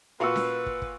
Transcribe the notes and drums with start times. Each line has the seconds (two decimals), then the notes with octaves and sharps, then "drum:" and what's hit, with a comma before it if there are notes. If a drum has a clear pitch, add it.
0.20 A#2 F#4 B4 F5 C6 C#6 E6
0.36 drum: snare C#4
0.66 drum: kick
0.82 drum: kick